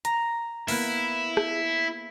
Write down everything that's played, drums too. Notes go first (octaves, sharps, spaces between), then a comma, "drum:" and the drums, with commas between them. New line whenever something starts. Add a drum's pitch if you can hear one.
A#5, drum: hi-hat
A#3 B3 E4, drum: open hi-hat
drum: rim click